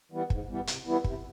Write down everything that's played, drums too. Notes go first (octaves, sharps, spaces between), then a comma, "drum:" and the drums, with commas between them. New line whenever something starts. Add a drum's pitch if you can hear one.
E3 G3 B3
G#2, drum: kick
E3 G3 B3
C3, drum: hi-hat
E3 G3 B3 E4
C3, drum: kick